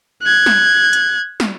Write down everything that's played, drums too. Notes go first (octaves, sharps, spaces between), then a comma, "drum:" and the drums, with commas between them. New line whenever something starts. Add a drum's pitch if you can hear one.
F#6 G#6
drum: snare
drum: hi-hat
drum: snare